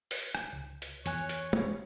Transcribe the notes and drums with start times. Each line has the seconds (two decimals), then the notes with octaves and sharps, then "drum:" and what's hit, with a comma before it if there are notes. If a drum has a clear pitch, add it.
0.11 drum: open hi-hat
0.35 drum: rim click
0.53 C#2
0.82 drum: hi-hat
1.06 E2 C#5 G#5 F#6, drum: hi-hat
1.29 drum: hi-hat
1.53 drum: tom